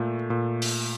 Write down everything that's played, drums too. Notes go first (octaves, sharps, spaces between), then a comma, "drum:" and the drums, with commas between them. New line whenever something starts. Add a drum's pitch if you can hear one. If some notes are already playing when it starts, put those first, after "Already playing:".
Already playing: A#2 A3
A#2
drum: open hi-hat